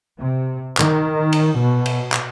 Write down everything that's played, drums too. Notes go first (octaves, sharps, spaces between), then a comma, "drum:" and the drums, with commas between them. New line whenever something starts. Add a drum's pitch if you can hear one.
C3
D#3, drum: clap
drum: cymbal
B2
drum: cymbal
drum: clap